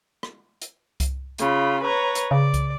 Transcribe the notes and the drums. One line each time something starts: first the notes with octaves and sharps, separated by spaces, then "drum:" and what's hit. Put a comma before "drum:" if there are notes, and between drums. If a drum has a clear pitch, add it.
drum: rim click
drum: hi-hat
drum: kick C2, hi-hat
C#3 F4 B5, drum: hi-hat
B4 C#5 A#5
drum: hi-hat
C#3 D5
drum: kick C2, hi-hat